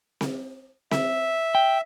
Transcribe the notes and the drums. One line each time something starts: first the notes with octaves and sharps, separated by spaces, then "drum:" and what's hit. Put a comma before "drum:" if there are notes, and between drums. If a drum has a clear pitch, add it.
drum: snare C4
E5, drum: snare C4
G5